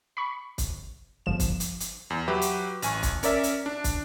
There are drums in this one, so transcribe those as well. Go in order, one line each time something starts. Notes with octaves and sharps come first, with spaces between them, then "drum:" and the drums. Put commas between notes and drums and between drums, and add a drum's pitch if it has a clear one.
B5 C#6
drum: kick, hi-hat
G1 F3 E7
drum: kick, hi-hat
drum: hi-hat
drum: hi-hat
E2
F#3 G4 B4 E5
drum: hi-hat
A1 G#5 C#6, drum: hi-hat
drum: kick, hi-hat
C#4 A#4 D5 E5, drum: hi-hat
drum: hi-hat
D4
drum: kick, hi-hat